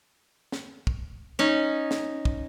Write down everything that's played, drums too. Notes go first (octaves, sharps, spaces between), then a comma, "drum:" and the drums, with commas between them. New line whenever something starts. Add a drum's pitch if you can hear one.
drum: snare
drum: kick
C#4 D#4
drum: snare
drum: kick